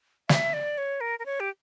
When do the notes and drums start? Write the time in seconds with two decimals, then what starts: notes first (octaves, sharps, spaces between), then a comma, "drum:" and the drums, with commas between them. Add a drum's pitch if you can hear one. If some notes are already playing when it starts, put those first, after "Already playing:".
0.29 E5, drum: snare
0.53 D5
0.78 C#5
1.01 A#4
1.19 A#4
1.26 C#5
1.40 G4